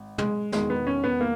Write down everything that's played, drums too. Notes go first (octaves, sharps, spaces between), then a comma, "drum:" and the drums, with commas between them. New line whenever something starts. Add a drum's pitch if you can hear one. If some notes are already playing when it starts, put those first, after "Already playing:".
Already playing: G#1
G#3, drum: tom
E1 E2 D#3 G#3, drum: snare
B3
C#4
B3
A#3